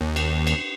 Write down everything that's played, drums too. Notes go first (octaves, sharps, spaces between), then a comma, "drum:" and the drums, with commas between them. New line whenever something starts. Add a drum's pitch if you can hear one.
D#2
drum: cymbal
drum: cymbal